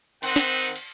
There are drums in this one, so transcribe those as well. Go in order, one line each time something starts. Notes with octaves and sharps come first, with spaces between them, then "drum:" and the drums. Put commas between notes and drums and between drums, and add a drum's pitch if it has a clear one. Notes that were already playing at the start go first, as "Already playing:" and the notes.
D#3 C4 F#5, drum: cymbal
drum: snare
drum: cymbal
drum: cymbal